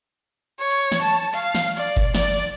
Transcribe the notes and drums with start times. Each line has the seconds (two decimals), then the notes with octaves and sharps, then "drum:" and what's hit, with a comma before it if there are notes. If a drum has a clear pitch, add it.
0.59 C#5
0.71 drum: hi-hat
0.92 drum: snare
1.02 A5
1.34 F5, drum: hi-hat
1.55 drum: snare
1.77 D5, drum: hi-hat
1.97 drum: kick F#1, hi-hat
2.15 D5, drum: snare
2.38 drum: hi-hat